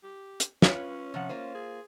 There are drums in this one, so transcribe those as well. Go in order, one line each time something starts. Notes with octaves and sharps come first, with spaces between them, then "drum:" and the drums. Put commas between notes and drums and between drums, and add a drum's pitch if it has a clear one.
G4
drum: hi-hat
C#4 F4 B4 C#5, drum: snare
C3 F3 F#5
A#3 F4 C5
G#4